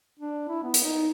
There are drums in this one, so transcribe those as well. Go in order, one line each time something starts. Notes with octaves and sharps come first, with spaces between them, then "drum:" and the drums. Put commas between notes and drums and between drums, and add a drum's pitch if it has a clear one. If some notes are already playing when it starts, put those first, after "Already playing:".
D4
E4
B3
drum: hi-hat
D#4